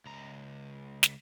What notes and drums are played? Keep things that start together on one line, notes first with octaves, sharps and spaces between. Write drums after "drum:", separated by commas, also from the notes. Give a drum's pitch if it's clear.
C#2 A#5
drum: snare